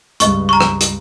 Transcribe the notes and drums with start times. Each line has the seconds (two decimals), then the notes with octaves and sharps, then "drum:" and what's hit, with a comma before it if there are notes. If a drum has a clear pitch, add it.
0.20 C#2 G2 D#5 C#6, drum: hi-hat
0.49 A#5 C#6
0.61 drum: rim click
0.81 drum: hi-hat